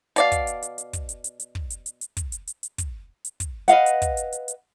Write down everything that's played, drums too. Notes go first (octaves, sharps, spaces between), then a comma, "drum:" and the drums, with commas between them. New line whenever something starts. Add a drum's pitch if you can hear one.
B2 D5 F5, drum: hi-hat
drum: kick, hi-hat
drum: hi-hat
drum: hi-hat
drum: hi-hat
drum: kick, hi-hat
drum: hi-hat
drum: hi-hat
drum: hi-hat
drum: kick
drum: hi-hat
drum: hi-hat
drum: hi-hat
drum: kick, hi-hat
drum: hi-hat
drum: hi-hat
drum: hi-hat
drum: kick, hi-hat
drum: hi-hat
drum: kick, hi-hat
B4 D#5 F5 F#5, drum: hi-hat
drum: hi-hat
drum: kick, hi-hat
drum: hi-hat
drum: hi-hat
drum: hi-hat